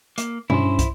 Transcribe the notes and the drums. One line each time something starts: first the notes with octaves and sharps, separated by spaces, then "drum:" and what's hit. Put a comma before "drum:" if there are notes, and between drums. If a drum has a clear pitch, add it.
A#3, drum: hi-hat
G2 C#4 E4 C5, drum: tom B2
drum: kick, hi-hat